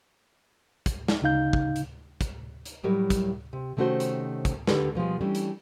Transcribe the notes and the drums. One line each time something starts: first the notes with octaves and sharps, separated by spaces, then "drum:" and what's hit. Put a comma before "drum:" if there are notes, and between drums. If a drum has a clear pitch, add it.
drum: kick, hi-hat
drum: snare
D2 C#3 D#4 F5 G6
drum: kick
drum: hi-hat
drum: kick, hi-hat
drum: hi-hat
A2 F#3 G3 A#4 E5
drum: kick, hi-hat
C3
C3 D#3 A3 C#4 F#4 C5
drum: hi-hat
drum: kick, hi-hat
D#2 D3 G4 A4 B4, drum: snare
B2 F3 G3 G#3
E3 G3 A3 C#4 D4
drum: hi-hat